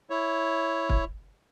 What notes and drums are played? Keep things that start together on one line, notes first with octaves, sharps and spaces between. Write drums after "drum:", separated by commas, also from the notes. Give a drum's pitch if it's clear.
E4 C#5
drum: kick